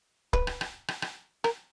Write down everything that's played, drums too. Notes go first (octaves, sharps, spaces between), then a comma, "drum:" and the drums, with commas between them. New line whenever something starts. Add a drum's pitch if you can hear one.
B4, drum: kick
drum: rim click
drum: rim click
drum: rim click
drum: rim click
A#4, drum: rim click